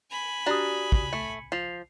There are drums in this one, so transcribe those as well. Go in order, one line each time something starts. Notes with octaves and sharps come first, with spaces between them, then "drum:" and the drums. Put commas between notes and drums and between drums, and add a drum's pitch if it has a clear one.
G#5 B5
D4 F#4 G4 A#5 D#6
drum: kick
A3 C#7
F3 C7 F7